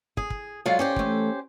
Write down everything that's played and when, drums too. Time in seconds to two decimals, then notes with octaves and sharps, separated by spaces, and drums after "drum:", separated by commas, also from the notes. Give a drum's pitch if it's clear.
0.17 G#4, drum: kick
0.30 drum: kick
0.66 F#3 G#3 F4 D5 F5
0.79 C#4 G4 C5
0.96 E3 A3, drum: kick